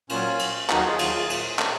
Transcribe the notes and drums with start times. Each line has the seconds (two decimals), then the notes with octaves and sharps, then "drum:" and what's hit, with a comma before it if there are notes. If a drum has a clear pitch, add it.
0.10 A#2 F#3 C#4 F4, drum: cymbal
0.39 A#2 F#3, drum: cymbal
0.70 D#2 D#3 F#3 D#4 F#4, drum: clap
0.84 F4 G#4
0.99 D#2 D#3 F#3 F4 G#4, drum: cymbal
1.14 F4 G#4
1.30 A#2 F#3, drum: cymbal
1.59 A#2, drum: clap